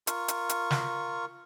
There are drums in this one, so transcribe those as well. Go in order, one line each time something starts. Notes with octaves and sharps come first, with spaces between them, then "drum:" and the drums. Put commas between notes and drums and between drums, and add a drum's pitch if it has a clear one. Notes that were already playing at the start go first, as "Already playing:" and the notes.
F4 A#4 C#6, drum: hi-hat
drum: hi-hat
drum: hi-hat
drum: snare